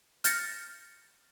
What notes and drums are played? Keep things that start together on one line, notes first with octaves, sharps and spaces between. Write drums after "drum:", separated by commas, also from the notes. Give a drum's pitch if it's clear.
F6 G6 A6 A#6 C#7, drum: hi-hat